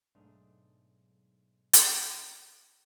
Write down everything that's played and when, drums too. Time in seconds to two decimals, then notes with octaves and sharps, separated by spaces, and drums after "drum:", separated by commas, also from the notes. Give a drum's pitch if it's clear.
0.15 B1 G#2 A3 D4 D#5 F5
1.73 drum: hi-hat